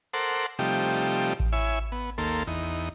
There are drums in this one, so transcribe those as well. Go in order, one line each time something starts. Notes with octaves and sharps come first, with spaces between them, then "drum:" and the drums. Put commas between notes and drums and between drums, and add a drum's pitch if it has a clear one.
A4 A#4 C5 F#5 C6 D6
C3 F3 G3 A3 D#4 G4
drum: kick A1
E4 C#5 E5 G#5
B3
D#2 A#3 A4 C6
E2 D#4